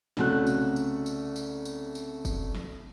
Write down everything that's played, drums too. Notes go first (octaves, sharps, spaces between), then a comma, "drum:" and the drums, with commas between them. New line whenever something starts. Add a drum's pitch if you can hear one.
C2 C#3 A3 F#4 F#6, drum: snare
drum: tambourine
drum: tambourine
drum: tambourine
drum: tambourine
drum: tambourine
drum: tambourine
drum: kick, tambourine
drum: snare